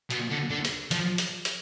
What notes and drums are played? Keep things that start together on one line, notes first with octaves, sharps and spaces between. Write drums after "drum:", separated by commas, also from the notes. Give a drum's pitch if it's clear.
B2, drum: hi-hat
D3
D3
drum: hi-hat
F3, drum: hi-hat
drum: hi-hat
drum: hi-hat